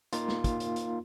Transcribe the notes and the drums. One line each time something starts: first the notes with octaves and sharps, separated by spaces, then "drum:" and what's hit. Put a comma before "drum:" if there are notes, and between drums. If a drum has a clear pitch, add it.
A#3 D#4 F4, drum: hi-hat
drum: snare
drum: kick, hi-hat
drum: hi-hat
drum: hi-hat